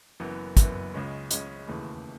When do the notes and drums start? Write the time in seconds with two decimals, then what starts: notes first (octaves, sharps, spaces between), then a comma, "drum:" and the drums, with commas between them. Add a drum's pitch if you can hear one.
0.20 F#1 F#2 E3 B3
0.57 F#1 F#2 E3 B3, drum: kick, hi-hat
0.94 C#2 C#3 G#3 C#4
1.31 C#2 C#3 G#3 C#4, drum: hi-hat
1.67 E1 D#2 C#3 E3 A3